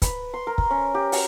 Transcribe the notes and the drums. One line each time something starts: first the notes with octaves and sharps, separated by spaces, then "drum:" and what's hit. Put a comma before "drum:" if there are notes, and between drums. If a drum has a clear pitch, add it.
B4, drum: kick, hi-hat
C6
A#4
drum: kick
C#4
G4
F#4, drum: open hi-hat